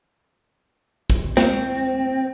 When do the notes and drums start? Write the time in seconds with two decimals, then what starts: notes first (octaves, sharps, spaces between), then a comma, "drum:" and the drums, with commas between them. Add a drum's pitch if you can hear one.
1.10 drum: kick
1.37 C4, drum: snare